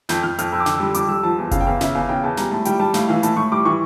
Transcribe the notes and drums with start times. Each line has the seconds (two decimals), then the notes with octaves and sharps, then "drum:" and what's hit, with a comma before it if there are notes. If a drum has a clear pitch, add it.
0.09 F2 G6, drum: snare
0.23 F2 F6
0.39 F2 F6, drum: hi-hat
0.52 F2 E6
0.60 D6
0.66 D3 E6, drum: snare
0.80 G3
0.94 F2 D6, drum: hi-hat
1.09 G3 E6
1.23 F3 A5
1.38 E2
1.51 C#3 F5, drum: kick F#1, hi-hat
1.61 G5
1.66 E2 F5
1.81 C#3 E5, drum: snare
1.95 E2 F5
2.09 C#3 G5
2.24 E2 A5
2.37 G3 A#5, drum: snare
2.52 A2 A5
2.65 G3 G5, drum: hi-hat
2.80 G3 A5
2.94 A2 F5, drum: snare
3.08 E3 F5
3.23 A2 A5, drum: hi-hat
3.37 A2 C#6
3.52 G3 D6
3.65 E3 C#6